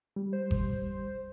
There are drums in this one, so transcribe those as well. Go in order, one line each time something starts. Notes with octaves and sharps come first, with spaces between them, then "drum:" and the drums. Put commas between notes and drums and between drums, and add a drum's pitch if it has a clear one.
G3
C5
drum: kick G1